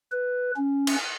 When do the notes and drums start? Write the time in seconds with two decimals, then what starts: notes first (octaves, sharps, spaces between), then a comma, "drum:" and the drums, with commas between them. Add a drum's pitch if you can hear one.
0.12 B4
0.56 C#4
0.87 drum: cymbal